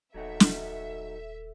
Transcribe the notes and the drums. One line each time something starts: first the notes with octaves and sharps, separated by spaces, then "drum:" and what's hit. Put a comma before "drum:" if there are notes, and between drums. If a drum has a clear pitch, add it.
D#1 F#3 D#4 F#4 A4 E5
drum: snare